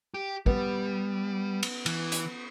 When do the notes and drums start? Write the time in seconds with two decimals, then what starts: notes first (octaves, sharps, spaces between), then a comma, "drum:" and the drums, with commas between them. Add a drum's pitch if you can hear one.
0.14 G4
0.46 G3 B3, drum: kick
1.63 drum: cymbal
1.86 E3, drum: cymbal
2.12 drum: hi-hat